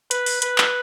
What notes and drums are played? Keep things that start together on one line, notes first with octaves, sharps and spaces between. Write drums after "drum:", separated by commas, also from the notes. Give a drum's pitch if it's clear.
B4, drum: hi-hat
drum: open hi-hat
B4, drum: hi-hat
drum: clap